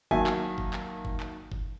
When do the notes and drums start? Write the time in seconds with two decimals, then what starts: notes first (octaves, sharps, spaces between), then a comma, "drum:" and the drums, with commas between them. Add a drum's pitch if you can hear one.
0.11 D#3 F#3 A#3 E5 G#5 A5, drum: kick F#1
0.27 drum: clap
0.58 drum: kick F#1
0.73 drum: clap
1.05 drum: kick F#1
1.20 drum: clap
1.52 drum: kick F#1